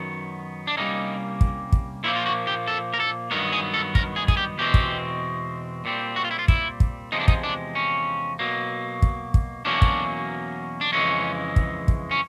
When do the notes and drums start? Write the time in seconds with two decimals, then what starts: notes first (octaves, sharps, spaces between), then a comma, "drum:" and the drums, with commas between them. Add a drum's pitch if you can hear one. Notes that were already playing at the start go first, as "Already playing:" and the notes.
Already playing: F#2 D#3 F#3 B3
0.67 D4
0.77 C2 A#2 G3 A#3 C#4 D#4
1.41 drum: kick
1.72 drum: kick
2.04 A#2 F3 A#3 E4
2.16 F4
2.26 F#4
2.47 G4
2.67 A4
2.94 A#4
3.00 A4
3.31 G2 D#3 F#3 B3 A#4
3.52 G#4
3.74 A4
3.95 A#4, drum: kick
4.16 G#4
4.28 G#4, drum: kick
4.37 G4
4.58 E2 B2 G#3 C4 G4
4.74 drum: kick
5.85 A#2 G3 C4
6.16 F#4
6.25 F4
6.31 E4
6.39 F4
6.48 E4, drum: kick
6.80 drum: kick
7.12 E2 C3 F3 G#3 D#4
7.20 D4
7.28 D#4, drum: kick
7.44 D4
7.75 C#4
8.39 B2 F#3 A#3
9.02 drum: kick
9.34 drum: kick
9.65 E2 B2 F#3 A#3 C#4 D4
9.82 drum: kick
10.81 D4
10.92 F2 C#3 E3 G#3 C#4
11.56 drum: kick
11.88 drum: kick
12.11 C#4